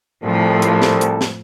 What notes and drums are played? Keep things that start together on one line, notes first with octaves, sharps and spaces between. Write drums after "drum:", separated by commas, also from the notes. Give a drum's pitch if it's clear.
C2 A2 F3 A4
drum: hi-hat
drum: snare
drum: hi-hat
drum: snare